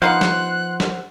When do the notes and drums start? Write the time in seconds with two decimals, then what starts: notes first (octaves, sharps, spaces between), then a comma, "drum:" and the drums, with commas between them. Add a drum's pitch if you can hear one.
0.02 F3 B3 D#4 C5 F5 F#5 C6 F#6
0.21 drum: snare
0.80 drum: snare